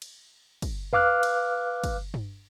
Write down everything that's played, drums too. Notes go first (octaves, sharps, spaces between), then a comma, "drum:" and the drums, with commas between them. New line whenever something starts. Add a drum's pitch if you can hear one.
drum: cymbal
drum: kick, cymbal
B4 F5 D6 F6 F#6, drum: tom E2
drum: cymbal
drum: kick, cymbal
drum: tom G2